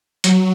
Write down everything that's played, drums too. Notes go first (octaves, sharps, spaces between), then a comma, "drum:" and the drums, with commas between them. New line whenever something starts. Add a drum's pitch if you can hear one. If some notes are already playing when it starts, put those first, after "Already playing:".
F#3, drum: hi-hat